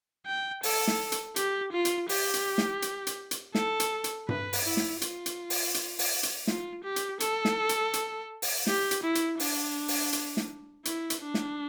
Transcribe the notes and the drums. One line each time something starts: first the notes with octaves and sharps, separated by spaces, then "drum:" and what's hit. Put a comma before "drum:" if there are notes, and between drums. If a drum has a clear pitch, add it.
G5
A4, drum: open hi-hat
drum: snare
drum: hi-hat
G4, drum: hi-hat
F4
drum: hi-hat
G4, drum: open hi-hat
drum: hi-hat
drum: snare
drum: hi-hat
drum: hi-hat
drum: hi-hat
A4, drum: snare
drum: hi-hat
drum: hi-hat
B4, drum: tom G2
drum: open hi-hat
E4
drum: snare
F4, drum: hi-hat
drum: hi-hat
drum: open hi-hat
drum: hi-hat
drum: open hi-hat
drum: hi-hat
F4, drum: snare
G4
drum: hi-hat
A4, drum: hi-hat
drum: snare
drum: hi-hat
drum: hi-hat
drum: open hi-hat
G4, drum: snare
drum: hi-hat
E4
drum: hi-hat
D4, drum: open hi-hat
drum: open hi-hat
drum: hi-hat
drum: snare
E4, drum: hi-hat
drum: hi-hat
D4
drum: snare